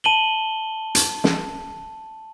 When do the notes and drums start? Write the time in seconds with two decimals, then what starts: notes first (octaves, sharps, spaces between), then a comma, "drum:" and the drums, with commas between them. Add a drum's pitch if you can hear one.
0.04 A5 D#7 F#7 G7
0.95 drum: hi-hat
1.24 drum: snare